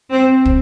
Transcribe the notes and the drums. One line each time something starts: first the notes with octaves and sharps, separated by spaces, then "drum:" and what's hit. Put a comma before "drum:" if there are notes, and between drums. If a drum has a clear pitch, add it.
C4
drum: kick